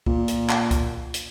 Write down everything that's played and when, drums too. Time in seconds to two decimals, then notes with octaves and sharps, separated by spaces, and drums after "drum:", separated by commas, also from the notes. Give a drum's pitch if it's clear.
0.06 A#2, drum: kick C#2
0.28 drum: hi-hat
0.49 drum: clap
0.71 drum: kick C#2, hi-hat
1.14 drum: hi-hat